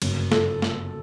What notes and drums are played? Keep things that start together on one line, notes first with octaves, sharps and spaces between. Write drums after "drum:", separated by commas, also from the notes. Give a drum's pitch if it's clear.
G1 F#2 C#3 F#3 A#3, drum: cymbal
A4, drum: snare
drum: snare